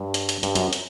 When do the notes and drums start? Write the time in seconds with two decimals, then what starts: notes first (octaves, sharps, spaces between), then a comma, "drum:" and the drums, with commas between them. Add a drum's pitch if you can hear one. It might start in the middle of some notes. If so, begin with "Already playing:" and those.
Already playing: G2
0.14 drum: hi-hat
0.29 drum: hi-hat
0.43 G2, drum: hi-hat
0.55 F#2, drum: hi-hat
0.73 drum: hi-hat